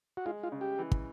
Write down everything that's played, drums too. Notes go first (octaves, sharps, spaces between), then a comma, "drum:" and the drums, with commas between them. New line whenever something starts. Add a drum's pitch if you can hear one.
F#4
G#3 F4
F4
C#3
G4
E3
drum: kick